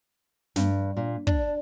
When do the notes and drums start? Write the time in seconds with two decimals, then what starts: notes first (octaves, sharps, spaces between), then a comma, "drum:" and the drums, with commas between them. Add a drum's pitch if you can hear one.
0.56 G2, drum: snare
0.97 A#2
1.27 D4, drum: kick